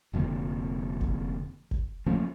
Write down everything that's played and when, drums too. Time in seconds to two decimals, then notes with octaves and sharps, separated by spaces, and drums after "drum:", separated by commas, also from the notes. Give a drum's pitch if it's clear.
0.13 F1 F2 A#2 D3
1.01 drum: kick G1
1.71 drum: kick G1
2.06 F3 A3 A#3 C#4